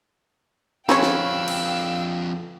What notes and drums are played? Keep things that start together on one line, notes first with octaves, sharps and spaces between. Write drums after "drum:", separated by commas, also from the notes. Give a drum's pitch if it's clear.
F2 C4 C#4 B4 C#5 F5 G5 E6, drum: snare
drum: snare
drum: cymbal